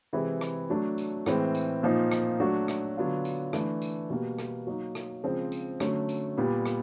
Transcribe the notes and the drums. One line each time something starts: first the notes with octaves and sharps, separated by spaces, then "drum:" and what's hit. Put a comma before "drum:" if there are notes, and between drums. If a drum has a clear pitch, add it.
C3 E3 G#3 C4 E4
drum: rim click
F#3 A3 D4
drum: tambourine
A2 E3 G#3 C4, drum: rim click
drum: tambourine
A#2 F3 A#3 D#4
drum: rim click
F#3 A3 D4 F#4
drum: rim click
D3 F#3 B3 D4 F4
drum: tambourine
E3 A3 D4, drum: rim click
drum: tambourine
B2 G3 A#3
drum: rim click
F#3 A#3 D#4
drum: rim click
C#3 F3 G#3 C4
drum: tambourine
D3 F#3 A3 C#4, drum: rim click
drum: tambourine
A#2 G3 B3
drum: rim click